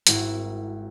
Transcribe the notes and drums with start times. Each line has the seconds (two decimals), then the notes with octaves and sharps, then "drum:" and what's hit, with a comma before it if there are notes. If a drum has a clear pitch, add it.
0.07 G#1 G#2 E4 F#4 F#5, drum: hi-hat